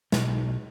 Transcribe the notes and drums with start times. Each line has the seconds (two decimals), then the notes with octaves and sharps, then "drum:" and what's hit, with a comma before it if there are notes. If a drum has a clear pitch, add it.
0.12 B1, drum: snare